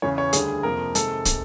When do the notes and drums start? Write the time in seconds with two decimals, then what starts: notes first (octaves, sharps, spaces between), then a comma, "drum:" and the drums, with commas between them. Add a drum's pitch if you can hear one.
0.02 E2 C#3 E3 C#5
0.18 C#5
0.33 D2 D3 G3 G#4, drum: hi-hat
0.63 F2 C3 F3 A#3 A#4
0.95 C3 D#3 G#3 A4, drum: hi-hat
1.25 drum: kick, hi-hat